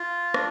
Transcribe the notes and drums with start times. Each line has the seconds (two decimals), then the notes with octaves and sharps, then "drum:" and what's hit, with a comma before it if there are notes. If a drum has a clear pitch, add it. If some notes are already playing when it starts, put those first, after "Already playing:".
Already playing: F4
0.34 D4, drum: rim click